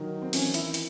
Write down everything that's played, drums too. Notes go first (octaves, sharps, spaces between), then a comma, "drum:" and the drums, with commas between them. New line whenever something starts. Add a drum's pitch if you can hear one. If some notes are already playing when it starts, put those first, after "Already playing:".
Already playing: D#3 F#3
C4
E3 C#4, drum: open hi-hat
E4, drum: hi-hat
drum: hi-hat